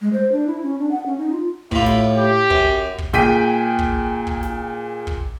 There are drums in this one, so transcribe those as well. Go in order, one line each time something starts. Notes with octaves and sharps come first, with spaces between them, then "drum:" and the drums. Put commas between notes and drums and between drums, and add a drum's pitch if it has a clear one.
G#3
C5
D4
E4
C#4
D4
F#5
C#4
D#4
F4
A2 E4 F4 G4 B5, drum: kick
drum: snare
G4
F#2, drum: kick
drum: kick
A#2 G#4 G5 B6 D#7, drum: snare
drum: kick
drum: kick
drum: snare
drum: kick